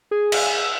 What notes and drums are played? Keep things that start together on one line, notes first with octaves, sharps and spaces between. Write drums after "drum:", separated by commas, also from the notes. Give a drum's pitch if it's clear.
G#4
drum: cymbal